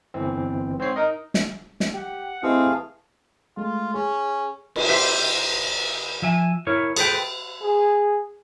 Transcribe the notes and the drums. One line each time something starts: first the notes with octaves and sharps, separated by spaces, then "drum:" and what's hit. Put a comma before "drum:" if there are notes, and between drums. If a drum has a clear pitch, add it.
G1 E3 C4
G#2 C4 C5 C#5 C7
D#4 A#4 D#5
drum: snare
drum: snare
G4 F#5
E3 A3 C4 E4 G4 G#4 D#5 F5
G#3 A3 F4
C#4 G#4
drum: cymbal
G4 C5 E5
F3 E5 G#5
E4 A#4 C#5
G#4 A4 B4 C5 G5, drum: cymbal
G#4